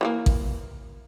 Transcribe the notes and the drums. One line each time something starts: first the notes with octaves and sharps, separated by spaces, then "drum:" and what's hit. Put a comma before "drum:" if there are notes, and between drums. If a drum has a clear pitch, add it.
E3 F#3 A#3
drum: kick A1